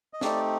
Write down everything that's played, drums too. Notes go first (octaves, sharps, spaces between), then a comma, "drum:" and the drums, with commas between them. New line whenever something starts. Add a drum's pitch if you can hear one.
D#5
A3 C4 D#4 G4 D5, drum: snare